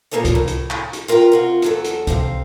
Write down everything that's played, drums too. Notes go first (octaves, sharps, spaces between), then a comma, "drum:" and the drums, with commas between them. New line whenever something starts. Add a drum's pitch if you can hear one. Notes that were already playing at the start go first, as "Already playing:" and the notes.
A#2 D#3 A#3 B3 A4 C#5
drum: kick C2, hi-hat
A2
drum: hi-hat
drum: clap
drum: hi-hat
F4 A#4 B4 F5 G5
C3 F4 F#4
E2 F#3 A4, drum: hi-hat
drum: hi-hat
C3 C5 F5, drum: kick C2, hi-hat